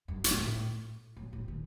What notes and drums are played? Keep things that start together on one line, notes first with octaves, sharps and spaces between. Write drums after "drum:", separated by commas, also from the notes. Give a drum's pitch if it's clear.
F#2
G#2, drum: hi-hat
A2
A2
A2
D#3